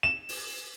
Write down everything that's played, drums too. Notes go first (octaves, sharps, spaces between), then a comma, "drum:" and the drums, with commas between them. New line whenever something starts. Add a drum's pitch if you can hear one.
E7
drum: open hi-hat